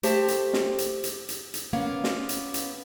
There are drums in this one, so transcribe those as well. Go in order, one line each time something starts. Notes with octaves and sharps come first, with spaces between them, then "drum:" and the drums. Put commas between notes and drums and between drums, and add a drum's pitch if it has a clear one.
A3 G4 C5 A5, drum: hi-hat
drum: hi-hat
drum: snare
drum: hi-hat
drum: hi-hat
drum: hi-hat
drum: hi-hat
A#3 B3 C#4 F5
drum: snare
drum: hi-hat
drum: hi-hat